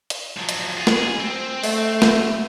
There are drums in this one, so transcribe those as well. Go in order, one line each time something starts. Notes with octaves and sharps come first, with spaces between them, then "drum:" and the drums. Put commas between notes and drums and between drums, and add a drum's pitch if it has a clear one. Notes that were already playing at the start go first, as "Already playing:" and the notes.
drum: hi-hat
F3 F#3
drum: hi-hat
F4 G#4
drum: snare
C4
A3, drum: open hi-hat
drum: snare